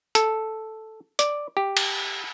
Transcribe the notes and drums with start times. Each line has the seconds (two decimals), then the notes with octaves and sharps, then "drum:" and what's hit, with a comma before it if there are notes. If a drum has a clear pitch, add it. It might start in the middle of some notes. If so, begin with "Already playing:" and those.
0.15 A4, drum: hi-hat
1.19 D5, drum: hi-hat
1.57 G4
1.77 drum: cymbal